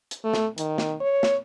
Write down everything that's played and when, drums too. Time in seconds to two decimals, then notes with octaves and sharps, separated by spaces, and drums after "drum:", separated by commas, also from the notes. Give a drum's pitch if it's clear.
0.11 drum: hi-hat
0.24 A3
0.34 drum: snare
0.58 D#3, drum: hi-hat
0.78 drum: snare
1.01 C#5
1.23 drum: snare